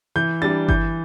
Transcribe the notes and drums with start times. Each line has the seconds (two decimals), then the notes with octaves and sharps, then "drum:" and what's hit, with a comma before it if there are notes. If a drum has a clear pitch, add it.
0.16 E3 G6
0.42 G3 D4 A6
0.68 E3 G6, drum: kick G1